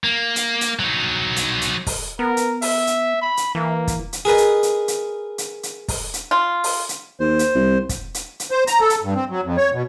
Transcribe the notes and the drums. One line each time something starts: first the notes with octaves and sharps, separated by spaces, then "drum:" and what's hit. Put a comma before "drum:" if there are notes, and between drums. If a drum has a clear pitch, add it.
A#3
drum: hi-hat
drum: hi-hat
F#3 D#4
drum: hi-hat
drum: hi-hat
drum: kick, open hi-hat
B3 A#4
drum: hi-hat
E5, drum: open hi-hat
drum: hi-hat
B5
drum: hi-hat
E3 A#3
drum: kick, hi-hat
drum: hi-hat
G#4 A#4 B4 D#5
drum: hi-hat
drum: hi-hat
drum: hi-hat
drum: hi-hat
drum: hi-hat
drum: kick, open hi-hat
drum: hi-hat
F4
drum: open hi-hat
drum: hi-hat
D#2 C5
drum: hi-hat
C2
drum: kick, hi-hat
drum: hi-hat
drum: hi-hat
C5
A#5, drum: hi-hat
A4
drum: hi-hat
G2
C4
F#3
F2
C#5
B2